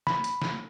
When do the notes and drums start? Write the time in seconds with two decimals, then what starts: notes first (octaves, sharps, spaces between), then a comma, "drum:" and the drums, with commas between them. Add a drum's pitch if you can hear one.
0.07 B5, drum: snare
0.24 drum: hi-hat
0.42 drum: snare